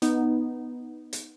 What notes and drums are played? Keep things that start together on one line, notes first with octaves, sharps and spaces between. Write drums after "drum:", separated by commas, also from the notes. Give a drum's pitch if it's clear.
B3 D#4, drum: hi-hat
drum: hi-hat